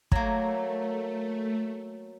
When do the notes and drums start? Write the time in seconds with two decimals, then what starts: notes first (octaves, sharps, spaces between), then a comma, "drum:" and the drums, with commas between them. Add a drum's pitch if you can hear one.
0.12 F#3 A3 A#3, drum: kick